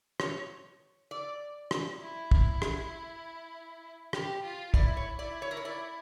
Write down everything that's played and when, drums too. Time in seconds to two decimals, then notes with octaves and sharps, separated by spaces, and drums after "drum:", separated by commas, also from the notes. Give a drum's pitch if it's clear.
0.20 C#5, drum: rim click
1.11 D5
1.71 drum: rim click
2.01 E4
2.31 drum: kick
2.62 drum: rim click
4.13 G4, drum: rim click
4.44 F4
4.74 E4 D5, drum: kick
4.97 C#5
5.19 E4 D5
5.42 C#5
5.51 A#4
5.57 C#5
5.65 E4 D5